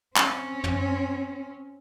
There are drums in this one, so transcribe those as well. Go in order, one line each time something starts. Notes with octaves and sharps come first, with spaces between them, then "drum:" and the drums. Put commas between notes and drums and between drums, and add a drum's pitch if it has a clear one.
C4 C#4, drum: clap
drum: tom